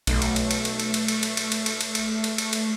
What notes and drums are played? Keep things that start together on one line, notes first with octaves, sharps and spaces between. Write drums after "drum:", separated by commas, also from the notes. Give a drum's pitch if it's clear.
B1 A3, drum: cymbal
drum: cymbal
drum: cymbal
drum: cymbal
drum: cymbal
drum: cymbal
drum: cymbal
drum: cymbal
drum: cymbal
drum: cymbal
drum: cymbal
drum: cymbal
drum: cymbal
drum: cymbal
drum: cymbal
drum: cymbal
drum: cymbal